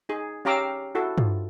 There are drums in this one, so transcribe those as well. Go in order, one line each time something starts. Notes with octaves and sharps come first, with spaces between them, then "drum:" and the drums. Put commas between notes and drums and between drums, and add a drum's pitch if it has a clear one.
D#4 G#4
C#4 G4 F5 A#5 D6 E6
E4 F#4 A4
F4, drum: tom G2